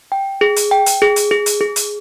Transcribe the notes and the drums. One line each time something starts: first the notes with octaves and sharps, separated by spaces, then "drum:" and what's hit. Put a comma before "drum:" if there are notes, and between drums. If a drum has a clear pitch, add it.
G5
G#4
drum: hi-hat
G5
drum: hi-hat
G#4
drum: hi-hat
G#4
drum: hi-hat
G#4
drum: hi-hat